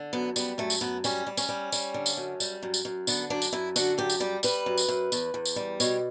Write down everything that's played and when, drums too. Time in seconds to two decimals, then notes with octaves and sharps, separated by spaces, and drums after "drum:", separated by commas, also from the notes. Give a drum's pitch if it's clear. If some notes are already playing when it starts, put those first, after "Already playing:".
Already playing: D3
0.13 F#2 B3
0.36 G3 B3, drum: tambourine
0.58 F#2 A3
0.70 drum: tambourine
0.81 F#2 B3
1.04 G3 C#4, drum: tambourine
1.27 G3
1.37 C#4, drum: tambourine
1.49 G3
1.72 G3, drum: tambourine
1.94 D3
2.06 drum: tambourine
2.17 F#2
2.40 G3, drum: tambourine
2.63 F#2
2.74 drum: tambourine
2.85 F#2
3.07 D3 B3, drum: tambourine
3.30 F#2 D4
3.42 drum: tambourine
3.53 F#2 E4
3.76 D3 F#4, drum: tambourine
3.98 F#2 G4
4.10 drum: tambourine
4.20 G3 G4
4.43 G3 B4, drum: tambourine
4.66 F#2
4.78 drum: tambourine
4.88 F#2
5.12 E2, drum: tambourine
5.34 E2
5.45 drum: tambourine
5.56 G3
5.80 B2 C#5, drum: tambourine